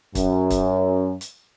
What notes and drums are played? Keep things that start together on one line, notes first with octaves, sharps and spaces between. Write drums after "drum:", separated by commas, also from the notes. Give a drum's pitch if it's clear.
F#2, drum: kick, hi-hat
drum: kick, hi-hat
drum: hi-hat